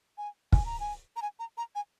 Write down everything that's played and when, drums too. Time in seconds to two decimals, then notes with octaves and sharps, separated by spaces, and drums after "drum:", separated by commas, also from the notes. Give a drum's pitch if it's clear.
0.18 G#5
0.52 G#5, drum: kick
0.66 A#5
0.80 G#5
1.16 A#5
1.22 G#5
1.39 A#5
1.57 A#5
1.75 G#5